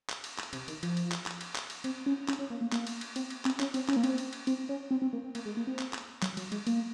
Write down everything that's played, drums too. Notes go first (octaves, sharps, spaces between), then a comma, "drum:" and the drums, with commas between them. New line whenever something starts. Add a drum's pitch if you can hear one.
drum: clap
drum: cymbal
drum: clap
C3, drum: cymbal
D#3, drum: cymbal
F3, drum: cymbal
drum: cymbal
drum: clap
drum: clap
drum: cymbal
drum: clap
drum: cymbal
C4, drum: cymbal
C#4
C#4, drum: clap
C#4
A#3
A#3
A#3, drum: clap
drum: cymbal
drum: cymbal
C4, drum: cymbal
drum: cymbal
C4, drum: clap
C#4, drum: clap
C4, drum: cymbal
C#4, drum: clap
A#3
C4, drum: cymbal
drum: cymbal
drum: cymbal
C4, drum: cymbal
C#4
C4
C4
A#3
C4
A#3, drum: cymbal
G#3
A#3
C4
drum: clap
drum: clap
F#3, drum: clap
F#3, drum: cymbal
G#3, drum: cymbal
A#3, drum: cymbal